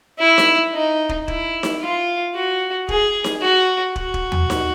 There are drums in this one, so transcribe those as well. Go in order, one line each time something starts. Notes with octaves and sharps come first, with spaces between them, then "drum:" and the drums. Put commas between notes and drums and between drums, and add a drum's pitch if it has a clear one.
E4
drum: snare D#4
D#4
drum: kick
E4, drum: kick
drum: snare D#4
F4
F#4
G#4, drum: kick
drum: snare D#4
F#4
F#4, drum: kick
drum: kick
drum: tom
drum: snare D#4